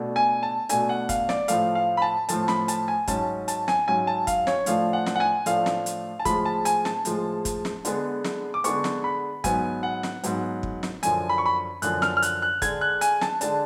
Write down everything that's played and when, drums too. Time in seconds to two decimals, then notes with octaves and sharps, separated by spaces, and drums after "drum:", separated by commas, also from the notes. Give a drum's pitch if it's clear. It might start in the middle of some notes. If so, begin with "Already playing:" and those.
Already playing: B2 A3 D4
0.16 G#5
0.43 A5
0.69 B2 A3 D4 G#5, drum: hi-hat
0.89 F#5
1.09 F5, drum: kick, hi-hat
1.29 D5, drum: snare
1.48 A2 F3 A3 F5, drum: hi-hat
1.75 F5
1.97 B5
2.02 A5
2.29 A2 F3 A3 A5, drum: hi-hat
2.48 B5, drum: snare
2.68 A5, drum: hi-hat
2.88 G#5
3.08 G#2 F#3 C#4 A5, drum: kick, hi-hat
3.48 A5, drum: hi-hat
3.68 G#5, drum: snare
3.88 G#2 F#3 C#4 G#5
4.07 A5
4.27 F5, drum: kick, hi-hat
4.47 C#5, drum: snare
4.66 A2 F3 A3 D4 F5, drum: hi-hat
4.93 F#5
5.07 drum: snare
5.16 F#5
5.20 G#5
5.46 A2 F3 A3 D4 F5, drum: hi-hat
5.66 drum: snare
5.86 drum: hi-hat
6.20 A5
6.25 A2 F3 G#3 B5, drum: kick, hi-hat
6.46 A5
6.65 G#5, drum: hi-hat
6.85 A5, drum: snare
7.05 A2 F3 G#3, drum: hi-hat
7.45 drum: kick, hi-hat
7.65 drum: snare
7.85 D3 G#3 B3, drum: hi-hat
8.25 drum: snare
8.54 D6
8.64 D3 G#3 B3 C#6, drum: hi-hat
8.84 drum: snare
9.04 B5
9.44 G#2 F#3 B3 G#5, drum: kick, hi-hat
9.83 F#5
10.03 drum: snare
10.24 G#2 F#3 B3, drum: hi-hat
10.63 drum: kick
10.83 drum: snare
11.03 F#2 D3 F3 G#5, drum: hi-hat
11.29 B5
11.38 C#6
11.46 B5
11.82 F#2 D3 F3 F#6, drum: hi-hat
12.02 F6, drum: snare
12.17 F6
12.22 F#6, drum: hi-hat
12.42 F#6
12.62 D3 G#3 D4 G#6, drum: kick, hi-hat
12.81 F#6
13.01 G#5, drum: hi-hat
13.21 A5, drum: snare
13.41 D3 G#3 D4 A5, drum: hi-hat